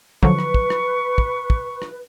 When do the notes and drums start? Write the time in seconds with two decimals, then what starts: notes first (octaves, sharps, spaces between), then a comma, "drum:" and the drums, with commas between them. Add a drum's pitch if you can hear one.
0.23 D3 F3 F#3 B4 C#6, drum: kick
0.39 drum: rim click
0.54 drum: kick
0.70 drum: rim click
1.18 drum: kick
1.50 drum: kick
1.82 drum: rim click